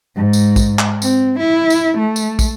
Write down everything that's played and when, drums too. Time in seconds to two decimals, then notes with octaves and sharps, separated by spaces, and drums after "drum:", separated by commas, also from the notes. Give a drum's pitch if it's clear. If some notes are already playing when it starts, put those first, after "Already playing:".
0.16 G#2
0.33 drum: tambourine
0.56 drum: kick, tambourine
0.79 drum: clap
1.02 C4, drum: tambourine
1.40 E4
1.70 drum: tambourine
1.98 A3
2.16 drum: tambourine
2.39 drum: kick, tambourine